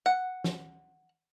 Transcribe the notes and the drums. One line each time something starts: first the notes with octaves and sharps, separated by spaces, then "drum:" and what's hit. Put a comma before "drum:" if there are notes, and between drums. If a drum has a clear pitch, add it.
F#5
drum: snare